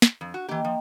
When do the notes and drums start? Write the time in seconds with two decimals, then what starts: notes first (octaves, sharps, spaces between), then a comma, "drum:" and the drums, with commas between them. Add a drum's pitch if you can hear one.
0.02 drum: snare
0.21 F2
0.34 F#4
0.49 E3 A#3 G4 D#5 G5
0.64 F3